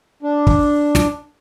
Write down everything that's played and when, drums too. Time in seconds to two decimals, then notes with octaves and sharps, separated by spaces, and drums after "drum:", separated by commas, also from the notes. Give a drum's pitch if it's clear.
0.23 D4
0.47 drum: kick
0.95 drum: snare